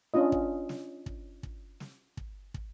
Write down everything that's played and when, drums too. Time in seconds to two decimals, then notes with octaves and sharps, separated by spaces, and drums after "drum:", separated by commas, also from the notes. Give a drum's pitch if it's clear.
0.14 C#4 D4 F4 D#5
0.32 drum: kick
0.69 drum: snare
1.06 drum: kick
1.43 drum: kick
1.80 drum: snare
2.17 drum: kick
2.54 drum: kick